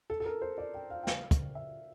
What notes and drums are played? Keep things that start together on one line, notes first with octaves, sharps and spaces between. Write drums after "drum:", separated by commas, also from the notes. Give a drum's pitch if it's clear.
A4
A4
A#4
C5
D5
G5
F5
G5
F5, drum: snare
drum: kick, hi-hat
E5